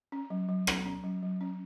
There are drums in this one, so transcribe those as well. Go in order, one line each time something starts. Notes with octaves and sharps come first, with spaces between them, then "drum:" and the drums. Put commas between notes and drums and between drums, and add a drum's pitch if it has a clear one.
C#4
F#3
F#3
C#4, drum: rim click
C#4
F#3
F#3
C#4